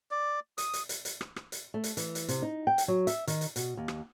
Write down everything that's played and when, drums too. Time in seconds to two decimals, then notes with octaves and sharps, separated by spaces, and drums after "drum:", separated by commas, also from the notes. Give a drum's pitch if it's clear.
0.11 D5
0.58 D#6, drum: hi-hat
0.73 drum: hi-hat
0.89 drum: hi-hat
1.05 drum: hi-hat
1.21 drum: rim click
1.36 drum: rim click
1.52 drum: hi-hat
1.74 A3
1.84 drum: hi-hat
1.97 E3, drum: hi-hat
2.15 drum: hi-hat
2.28 C3, drum: hi-hat
2.42 D#4
2.67 G5
2.78 drum: hi-hat
2.88 F#3
3.07 E5, drum: hi-hat
3.27 D#3, drum: hi-hat
3.41 drum: hi-hat
3.56 B2, drum: hi-hat
3.77 D#2
3.88 drum: rim click